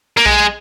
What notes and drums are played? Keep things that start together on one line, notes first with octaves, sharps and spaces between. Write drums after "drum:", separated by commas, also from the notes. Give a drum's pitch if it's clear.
A#3
G#3, drum: kick B1